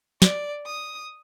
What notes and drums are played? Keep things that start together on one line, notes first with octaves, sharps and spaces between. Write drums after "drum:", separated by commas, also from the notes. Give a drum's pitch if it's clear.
D5, drum: snare
D#6